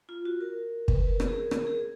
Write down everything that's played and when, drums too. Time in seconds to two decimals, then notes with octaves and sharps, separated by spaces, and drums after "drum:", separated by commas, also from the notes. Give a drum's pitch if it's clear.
0.09 F4
0.25 F#4
0.41 A#4
0.88 B4, drum: kick
0.99 A#4
1.09 B4
1.20 A#4, drum: rim click
1.28 G#4
1.36 A#4
1.51 A#4, drum: rim click
1.67 G#4